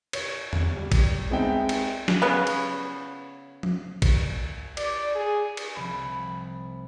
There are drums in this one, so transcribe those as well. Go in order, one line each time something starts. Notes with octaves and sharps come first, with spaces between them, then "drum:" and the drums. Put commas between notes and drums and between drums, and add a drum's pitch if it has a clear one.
C#5, drum: cymbal
drum: tom E2
G3
drum: kick, cymbal
G#3 B3 C4 D#4 E5 G5
drum: cymbal
drum: snare
C#3 B3
drum: cymbal
drum: tom F3
drum: kick, cymbal
D5, drum: cymbal
G#4
drum: cymbal
C2 C3 F3 B5